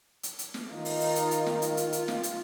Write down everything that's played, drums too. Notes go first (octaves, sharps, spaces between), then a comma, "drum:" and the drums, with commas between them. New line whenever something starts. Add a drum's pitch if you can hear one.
drum: hi-hat
drum: hi-hat
drum: snare
D#3 D#4 F4
drum: open hi-hat
drum: open hi-hat
drum: hi-hat
drum: hi-hat
drum: snare
F4, drum: hi-hat
drum: hi-hat
drum: hi-hat
drum: snare
drum: hi-hat